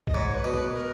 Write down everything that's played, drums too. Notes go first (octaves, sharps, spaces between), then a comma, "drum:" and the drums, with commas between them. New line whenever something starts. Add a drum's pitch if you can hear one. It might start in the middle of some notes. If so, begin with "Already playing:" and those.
D#5, drum: kick
G#2 C#5
B4
B2
B4, drum: tom
B4
A#4